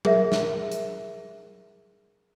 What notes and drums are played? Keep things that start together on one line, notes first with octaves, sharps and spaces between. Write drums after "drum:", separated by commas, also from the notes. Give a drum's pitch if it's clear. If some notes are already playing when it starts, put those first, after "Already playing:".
G#4 A#4 E5, drum: tom F#3
drum: snare
drum: hi-hat